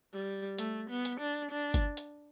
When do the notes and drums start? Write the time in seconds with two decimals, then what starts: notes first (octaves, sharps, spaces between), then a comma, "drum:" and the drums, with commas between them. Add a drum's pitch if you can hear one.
0.14 G3
0.58 A3, drum: hi-hat
0.90 B3
1.05 drum: hi-hat
1.20 D4
1.52 D4
1.74 drum: kick G1, hi-hat
1.97 drum: hi-hat